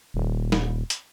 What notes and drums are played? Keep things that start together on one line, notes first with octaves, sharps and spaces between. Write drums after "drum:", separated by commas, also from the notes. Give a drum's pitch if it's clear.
D#1
drum: snare
drum: hi-hat